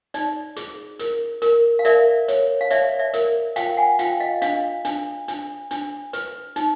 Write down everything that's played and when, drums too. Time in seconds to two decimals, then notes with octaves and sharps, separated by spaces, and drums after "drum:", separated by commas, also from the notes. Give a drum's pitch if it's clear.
0.14 D#4 D5, drum: hi-hat
0.56 G#4, drum: hi-hat
0.99 A#4, drum: hi-hat
1.42 A#4, drum: hi-hat
1.79 F5
1.85 A#4 D5 E5, drum: hi-hat
2.28 C#5, drum: hi-hat
2.61 F5
2.70 C#5 D5 E5, drum: hi-hat
2.99 D5 E5
3.14 A#4, drum: hi-hat
3.56 F4 F5 G5, drum: hi-hat
3.77 F#5 G#5
3.99 F4 F5 G5, drum: hi-hat
4.20 D#5 F5
4.42 D4 D#5 F5, drum: hi-hat
4.85 D4, drum: hi-hat
5.28 D4, drum: hi-hat
5.71 D4, drum: hi-hat
6.13 B4, drum: hi-hat
6.56 D#4, drum: hi-hat